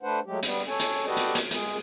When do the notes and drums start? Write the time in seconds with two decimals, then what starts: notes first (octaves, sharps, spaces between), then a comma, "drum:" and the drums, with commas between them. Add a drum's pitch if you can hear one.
0.03 A3 D4 B4 C5 F#5
0.26 F#3 G#3 A3 G4
0.43 G3 B3, drum: hi-hat
0.68 A4 C#5 G#5
0.80 drum: hi-hat
1.06 F#4 G4 A4 B4 D5 D#5
1.17 drum: hi-hat
1.35 drum: hi-hat
1.51 G#3 G#4, drum: hi-hat